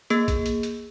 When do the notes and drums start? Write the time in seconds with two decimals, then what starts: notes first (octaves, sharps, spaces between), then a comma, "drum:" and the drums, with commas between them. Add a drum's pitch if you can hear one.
0.10 A#3 G#4, drum: hi-hat
0.28 drum: kick, hi-hat
0.46 drum: hi-hat
0.63 drum: hi-hat